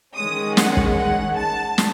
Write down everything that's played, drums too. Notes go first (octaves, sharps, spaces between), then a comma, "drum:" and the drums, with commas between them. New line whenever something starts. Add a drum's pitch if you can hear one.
D#3 G#3 C#4 D#6
F#5, drum: snare
drum: kick
F#5
A5
drum: snare